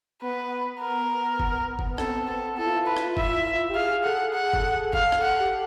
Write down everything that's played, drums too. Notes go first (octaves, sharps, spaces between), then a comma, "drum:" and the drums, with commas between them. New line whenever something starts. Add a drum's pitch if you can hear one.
B3 B4
A#4
drum: kick F#1
drum: kick F#1
C4 A4, drum: rim click
A4
E4 A4
F4
E4
B4
drum: rim click
E5, drum: kick F#1
G4
G#4 F5
A4 F#5
F#5
drum: kick F#1
F5, drum: kick F#1
drum: rim click
F#5
G4